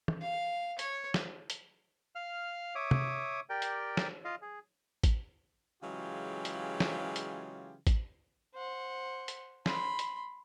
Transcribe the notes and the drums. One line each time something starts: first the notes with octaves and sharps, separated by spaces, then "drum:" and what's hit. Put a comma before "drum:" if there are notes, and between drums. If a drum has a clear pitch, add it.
drum: tom
F5
C#5, drum: hi-hat
drum: snare
drum: hi-hat
F5 F6
C#5 E5 D6 D#6
drum: tom
G4 A#4 D5 G5
drum: hi-hat
drum: snare
F4 D#5 F5
G#4
drum: kick A1, hi-hat
C#3 E3 F#3 G#3 F4 G4
drum: hi-hat
drum: snare
drum: hi-hat
drum: kick A1, hi-hat
C5 F#5
drum: hi-hat
B5 C6, drum: snare
drum: hi-hat